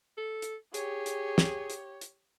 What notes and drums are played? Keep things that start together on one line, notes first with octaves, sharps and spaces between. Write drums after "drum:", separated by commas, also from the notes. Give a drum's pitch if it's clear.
A4
drum: hi-hat
G4 G#4 C#5, drum: hi-hat
drum: hi-hat
drum: snare
drum: hi-hat
drum: hi-hat